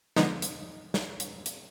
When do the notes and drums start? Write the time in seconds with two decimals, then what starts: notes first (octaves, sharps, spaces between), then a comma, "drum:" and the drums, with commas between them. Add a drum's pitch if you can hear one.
0.16 D3 F3 G#3 B3 D#4, drum: snare
0.42 drum: hi-hat
0.94 drum: snare
1.20 drum: hi-hat
1.46 drum: hi-hat